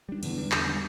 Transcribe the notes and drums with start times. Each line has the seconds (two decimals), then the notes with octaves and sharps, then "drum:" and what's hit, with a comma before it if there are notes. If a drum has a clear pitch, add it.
0.09 G3 D4
0.23 E2 D3, drum: cymbal
0.38 G3 D4
0.52 E2 D3, drum: clap
0.66 G3 D4